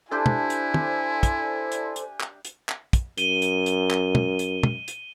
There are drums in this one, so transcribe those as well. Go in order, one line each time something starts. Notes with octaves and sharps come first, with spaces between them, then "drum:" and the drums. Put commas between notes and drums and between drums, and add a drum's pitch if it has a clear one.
D4 E4 G4 A4 C5 D5 E5 G#5
drum: tom
drum: hi-hat
drum: tom
drum: kick, hi-hat
drum: hi-hat
drum: hi-hat
drum: clap
drum: hi-hat
drum: clap
drum: kick, hi-hat
F#2 D#7 G7, drum: hi-hat
drum: hi-hat
drum: hi-hat
drum: clap
drum: tom
drum: hi-hat
drum: tom
drum: hi-hat